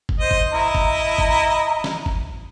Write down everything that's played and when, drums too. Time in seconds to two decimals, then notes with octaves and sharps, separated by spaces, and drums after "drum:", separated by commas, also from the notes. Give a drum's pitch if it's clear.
0.09 drum: kick
0.20 C5 D#5
0.31 drum: kick
0.53 E4 D#5 A#5
0.75 drum: kick
1.18 drum: kick
1.84 drum: snare
2.06 drum: kick